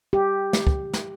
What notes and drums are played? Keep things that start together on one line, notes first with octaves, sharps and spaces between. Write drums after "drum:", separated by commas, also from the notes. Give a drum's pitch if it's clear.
G4
drum: snare
drum: kick
drum: snare